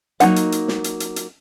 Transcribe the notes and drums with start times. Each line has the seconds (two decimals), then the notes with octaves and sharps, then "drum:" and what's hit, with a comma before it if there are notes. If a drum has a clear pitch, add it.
0.20 F#3 A#3 D#4 F#5, drum: hi-hat
0.36 drum: hi-hat
0.52 drum: hi-hat
0.68 drum: snare
0.84 drum: hi-hat
1.00 drum: hi-hat
1.16 drum: hi-hat